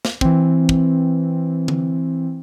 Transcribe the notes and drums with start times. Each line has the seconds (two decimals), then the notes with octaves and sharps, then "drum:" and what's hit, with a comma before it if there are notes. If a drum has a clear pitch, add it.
0.05 drum: snare
0.21 E3 C4, drum: kick
0.69 drum: kick
1.68 drum: tom D3